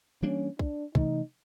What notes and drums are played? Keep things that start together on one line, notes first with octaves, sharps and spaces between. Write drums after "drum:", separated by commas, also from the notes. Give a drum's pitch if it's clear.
E3 G3 A#3 C#4 D4
D4, drum: kick
C3 E3 A3 D#4, drum: kick